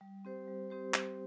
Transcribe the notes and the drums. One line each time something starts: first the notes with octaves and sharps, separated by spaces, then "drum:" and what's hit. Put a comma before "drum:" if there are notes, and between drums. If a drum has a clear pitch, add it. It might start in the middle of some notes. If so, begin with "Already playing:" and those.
G3
C4 G4 C5
G3
C4 G4 C5
G3, drum: clap